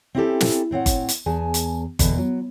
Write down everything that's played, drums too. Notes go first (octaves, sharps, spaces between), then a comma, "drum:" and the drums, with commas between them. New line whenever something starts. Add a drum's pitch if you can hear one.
C4 C#4 E4 F4 G4 A4
drum: snare
A2 C4 C#5 F#5
drum: kick G1, hi-hat
drum: hi-hat
E2 G#4 G#5 A5
drum: hi-hat
E2 B2 D3, drum: kick G1, hi-hat
F#3